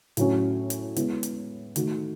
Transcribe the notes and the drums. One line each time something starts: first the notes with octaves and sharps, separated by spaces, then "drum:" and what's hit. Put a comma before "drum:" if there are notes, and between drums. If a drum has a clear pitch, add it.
A2 F#3 C#4, drum: hi-hat
drum: hi-hat
G#3 B3 E4, drum: hi-hat
drum: hi-hat
D#3 A3 D#4 F#4, drum: hi-hat